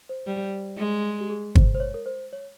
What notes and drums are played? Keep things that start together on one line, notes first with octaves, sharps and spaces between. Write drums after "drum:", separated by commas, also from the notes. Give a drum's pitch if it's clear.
C5
G3
G#3
G4
G#4
C5, drum: kick
C5
C#5
A#4
C5
C#5